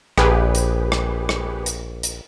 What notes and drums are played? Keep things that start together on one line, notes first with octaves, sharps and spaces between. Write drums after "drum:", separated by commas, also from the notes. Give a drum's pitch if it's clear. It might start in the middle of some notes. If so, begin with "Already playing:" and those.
A#1 G4 G#4 B4, drum: rim click
drum: hi-hat
drum: rim click
drum: rim click
drum: hi-hat
drum: hi-hat